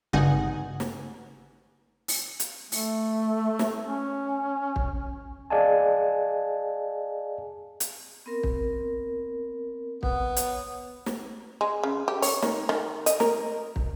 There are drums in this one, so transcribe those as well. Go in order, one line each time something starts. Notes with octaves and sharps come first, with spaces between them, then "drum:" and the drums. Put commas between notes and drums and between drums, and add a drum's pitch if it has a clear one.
G#1 G2 D#4 F#5 G#5, drum: tom C#3
drum: snare
drum: open hi-hat
drum: hi-hat
A3, drum: open hi-hat
drum: snare
C#4
drum: kick
G#4 D5 D#5 F5 G#5 A5
drum: hi-hat
B3 C4 A#4
drum: kick
B3, drum: kick
C#5, drum: hi-hat
drum: snare
G#3
C#3
G4
C#5, drum: open hi-hat
D#3, drum: snare
D#3, drum: rim click
D#5, drum: hi-hat
A#4, drum: snare
drum: kick